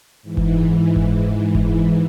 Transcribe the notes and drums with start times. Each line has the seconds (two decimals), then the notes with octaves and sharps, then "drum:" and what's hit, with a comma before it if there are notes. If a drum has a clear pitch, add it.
0.23 G#2 E3
0.37 drum: kick F#1
0.96 drum: kick F#1
1.55 drum: kick F#1